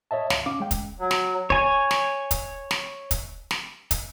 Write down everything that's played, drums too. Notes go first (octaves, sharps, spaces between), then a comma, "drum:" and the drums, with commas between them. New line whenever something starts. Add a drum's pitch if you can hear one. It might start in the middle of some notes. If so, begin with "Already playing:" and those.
C#5 D#5 E5 A5
C#2 F5, drum: snare
C#4 F5 D6
G#3 G5
drum: kick, hi-hat
F#3
drum: snare
C#5 G#5, drum: kick
drum: snare
drum: kick, hi-hat
drum: snare
drum: kick, hi-hat
drum: snare
drum: kick, hi-hat